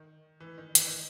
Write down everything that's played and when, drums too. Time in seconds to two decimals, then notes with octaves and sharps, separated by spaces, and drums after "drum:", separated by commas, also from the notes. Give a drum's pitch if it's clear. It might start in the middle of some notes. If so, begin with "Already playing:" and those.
Already playing: D#3
0.40 E3
0.58 D#3
0.75 E3, drum: hi-hat
0.87 D#3